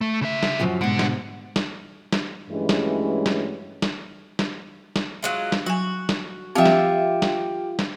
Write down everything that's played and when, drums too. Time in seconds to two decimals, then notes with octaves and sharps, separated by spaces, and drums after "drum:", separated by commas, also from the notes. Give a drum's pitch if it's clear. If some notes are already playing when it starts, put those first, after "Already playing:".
0.01 A3
0.21 C#3 E5
0.43 drum: snare
0.60 F#2 F3 F#3
0.81 G#2 B2 D3 F#5
0.99 drum: snare
1.56 drum: snare
2.12 drum: snare
2.50 G2 E3 F#3 G#3 A3 C#4
2.69 drum: snare
3.26 drum: snare
3.82 drum: snare
4.39 drum: snare
4.96 drum: snare
5.22 F#3 G#3 F4
5.52 drum: snare
5.66 F#3 F#4 G#5
6.09 drum: snare
6.55 F3 C4 F4 G4 E5 G5
6.66 drum: snare
7.22 drum: snare
7.79 drum: snare